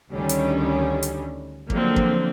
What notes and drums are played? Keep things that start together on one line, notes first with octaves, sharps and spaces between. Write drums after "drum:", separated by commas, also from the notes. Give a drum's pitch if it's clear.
D2 D3 D#3 G3 C#4
drum: hi-hat
drum: hi-hat
D3 F3 F#3 A#3 C4, drum: kick
drum: kick